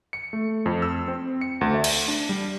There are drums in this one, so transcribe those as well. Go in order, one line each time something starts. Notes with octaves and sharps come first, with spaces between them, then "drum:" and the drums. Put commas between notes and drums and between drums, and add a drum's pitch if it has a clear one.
C#7
A3
F2
E6
C4
C#7
D2
E5
drum: cymbal
D4
G3